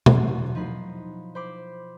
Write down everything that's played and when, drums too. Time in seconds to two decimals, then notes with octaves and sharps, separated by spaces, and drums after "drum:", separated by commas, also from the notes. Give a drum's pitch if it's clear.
0.06 E2 B2 F#3 F4 C6, drum: tom
0.55 F3 D#4 B5 C7
1.35 C5 B5 D6